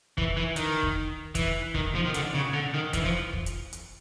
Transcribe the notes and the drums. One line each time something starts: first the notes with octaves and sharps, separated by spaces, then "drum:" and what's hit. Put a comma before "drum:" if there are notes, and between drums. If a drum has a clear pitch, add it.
E3, drum: kick
E3
D#3, drum: hi-hat
drum: kick
E3, drum: kick, hi-hat
D#3, drum: kick
F3
D#3
D3, drum: hi-hat
C#3
D3
D#3
E3, drum: kick, hi-hat
F3
drum: kick
drum: hi-hat
drum: hi-hat